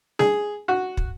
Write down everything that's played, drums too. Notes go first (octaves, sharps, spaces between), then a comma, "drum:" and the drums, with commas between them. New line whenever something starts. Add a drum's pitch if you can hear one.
G#4, drum: snare G3
F#4
drum: kick